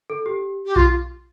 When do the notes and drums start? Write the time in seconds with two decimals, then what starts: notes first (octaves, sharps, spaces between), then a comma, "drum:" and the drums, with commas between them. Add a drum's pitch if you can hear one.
0.10 A4
0.26 G4
0.66 G4
0.76 F4, drum: kick B1